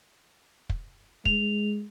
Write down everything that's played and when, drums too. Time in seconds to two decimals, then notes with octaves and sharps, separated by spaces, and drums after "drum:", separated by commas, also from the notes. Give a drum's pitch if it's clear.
0.69 drum: kick
1.25 G#3 F7, drum: kick